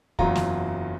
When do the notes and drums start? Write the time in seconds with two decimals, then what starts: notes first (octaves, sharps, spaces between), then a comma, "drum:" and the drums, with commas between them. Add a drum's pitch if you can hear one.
0.19 F#1 E2 F#3 F4 A#5, drum: kick
0.35 drum: snare